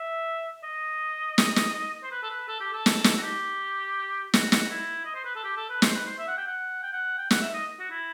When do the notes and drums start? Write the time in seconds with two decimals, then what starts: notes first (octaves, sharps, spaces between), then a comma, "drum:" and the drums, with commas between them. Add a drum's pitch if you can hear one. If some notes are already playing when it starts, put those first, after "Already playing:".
Already playing: E5
0.64 D#5
1.38 drum: snare
1.56 drum: snare
2.04 C5
2.11 B4
2.23 A4
2.30 B4
2.48 A4
2.61 G4
2.73 A4
2.86 drum: snare
3.04 drum: snare
3.17 F#4
3.23 G4
4.34 F#4, drum: snare
4.52 F#4, drum: snare
4.71 E4
5.05 D#5
5.15 C5
5.25 B4
5.36 A4
5.44 G4
5.57 A4
5.70 B4
5.82 C5, drum: snare
5.94 B4
6.07 C5
6.19 E5
6.28 F#5
6.38 G5
6.47 F#5
6.83 G5
6.93 F#5
7.18 G5
7.30 F#5, drum: snare
7.42 E5
7.54 D#5
7.80 F#4
7.91 E4